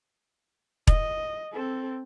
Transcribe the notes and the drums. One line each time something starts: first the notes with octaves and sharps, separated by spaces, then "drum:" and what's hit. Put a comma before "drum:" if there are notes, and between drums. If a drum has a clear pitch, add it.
D#5, drum: kick E1
C4 A4